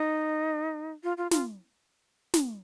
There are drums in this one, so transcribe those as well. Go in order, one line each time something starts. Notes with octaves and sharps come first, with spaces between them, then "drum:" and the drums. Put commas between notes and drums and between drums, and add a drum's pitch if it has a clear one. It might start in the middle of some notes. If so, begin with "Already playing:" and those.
Already playing: D#4
F4
F4
F4, drum: snare
drum: snare